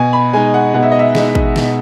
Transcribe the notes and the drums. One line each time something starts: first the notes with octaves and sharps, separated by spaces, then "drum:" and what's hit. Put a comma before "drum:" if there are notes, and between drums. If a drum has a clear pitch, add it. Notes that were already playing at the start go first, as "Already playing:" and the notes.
Already playing: B2 G#5
B5
G#3 D#4 G#5
F#5
B2 F#5
E5
D#5
E5
G#3 D#4, drum: snare
drum: kick
B2, drum: snare